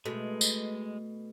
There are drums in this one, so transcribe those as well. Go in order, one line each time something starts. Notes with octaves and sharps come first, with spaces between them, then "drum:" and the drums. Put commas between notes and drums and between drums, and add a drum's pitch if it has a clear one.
B2 G#3 A3
drum: tambourine